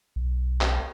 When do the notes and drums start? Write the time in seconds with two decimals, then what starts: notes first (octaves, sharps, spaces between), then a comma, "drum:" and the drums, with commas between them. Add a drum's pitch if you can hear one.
0.16 B1
0.61 drum: clap